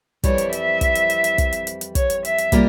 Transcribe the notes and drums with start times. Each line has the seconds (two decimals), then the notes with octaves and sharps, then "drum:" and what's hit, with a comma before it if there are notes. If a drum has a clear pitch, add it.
0.24 F2 E3 G3 C4 E4 C#5, drum: kick, hi-hat
0.38 drum: hi-hat
0.53 E5, drum: hi-hat
0.81 drum: kick, hi-hat
0.95 drum: hi-hat
1.10 drum: hi-hat
1.24 drum: hi-hat
1.38 drum: kick, hi-hat
1.53 drum: hi-hat
1.67 drum: hi-hat
1.81 drum: hi-hat
1.95 C#5, drum: kick, hi-hat
2.10 drum: hi-hat
2.25 E5, drum: hi-hat
2.38 drum: hi-hat
2.52 C3 G3 A#3 F4 A#4, drum: kick, hi-hat